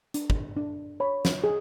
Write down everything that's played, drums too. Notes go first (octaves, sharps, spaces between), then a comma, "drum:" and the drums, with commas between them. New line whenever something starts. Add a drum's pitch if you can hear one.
D4, drum: hi-hat
drum: kick
D4
C#5 B5
drum: snare
G#4